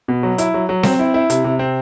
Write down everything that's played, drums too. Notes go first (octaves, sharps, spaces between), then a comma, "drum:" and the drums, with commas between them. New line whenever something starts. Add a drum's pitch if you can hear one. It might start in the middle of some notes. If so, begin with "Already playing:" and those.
B2
F#3
E4, drum: hi-hat
F#3
F#3
C4, drum: snare C4
E4
E4
C3, drum: hi-hat
C3
C4